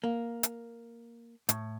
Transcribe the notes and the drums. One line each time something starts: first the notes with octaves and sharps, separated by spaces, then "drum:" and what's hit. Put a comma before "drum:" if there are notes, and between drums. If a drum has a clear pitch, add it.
A#3
drum: hi-hat
A2, drum: hi-hat